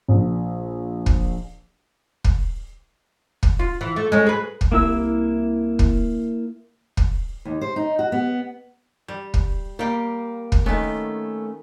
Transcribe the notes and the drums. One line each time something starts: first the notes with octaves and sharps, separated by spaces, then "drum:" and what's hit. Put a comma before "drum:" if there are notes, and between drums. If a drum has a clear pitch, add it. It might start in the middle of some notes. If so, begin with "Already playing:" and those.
A#1
drum: kick
drum: kick
drum: kick
F4
E3
A3
G#3 C#4
G#4 B4
drum: kick
C2 A#3 E4 E6
drum: kick
drum: kick
D#2
C5
D#4
F#4
B3
G3
drum: kick
G3 A#3 G5
drum: kick
D#3 A3 B3 C#4